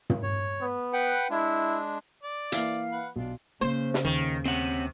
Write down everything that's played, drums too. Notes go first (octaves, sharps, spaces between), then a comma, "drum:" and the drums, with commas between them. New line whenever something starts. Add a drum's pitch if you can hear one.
drum: tom
C#5
B3
B4 F#5 G5
G#3 D4 E4
D5
E3 A#3 F5, drum: hi-hat
B4 F#5
B1 D4 F4
C#3 A#3 C5
drum: snare
D#2 D#3
C3 C4 C#4 F#5